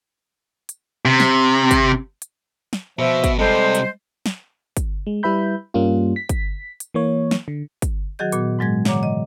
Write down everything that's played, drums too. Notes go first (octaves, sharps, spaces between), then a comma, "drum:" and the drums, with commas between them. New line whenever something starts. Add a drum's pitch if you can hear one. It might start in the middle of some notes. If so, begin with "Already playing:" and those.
drum: hi-hat
C3
drum: snare
drum: kick, hi-hat
drum: hi-hat
drum: snare
B2 F3 E5
drum: kick, hi-hat
C3 G3 G#3 A4 C5
drum: hi-hat
drum: snare
drum: kick, hi-hat
G#3
G3 E4 B4 E5 B5 G6
G2 G3 A#3 C#4 F4
B6
drum: kick, hi-hat
drum: hi-hat
E3 A#3 C#5
drum: snare
D3
drum: kick, hi-hat
D#3 F#3 F#4 G#4 D#5 G6
A#2 B3 F#4, drum: hi-hat
G#2 F#3 G#3 G#6
D3 E3 C#5 F#5 A#5 D6, drum: snare
D#5